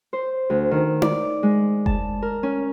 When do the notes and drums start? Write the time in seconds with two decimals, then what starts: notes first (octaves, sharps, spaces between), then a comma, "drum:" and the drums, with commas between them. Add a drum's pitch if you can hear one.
0.13 C5
0.50 D2
0.71 D#3
1.02 D5, drum: tom D#4
1.43 G#3
1.86 A5, drum: kick F#1
2.22 A#4
2.43 C#4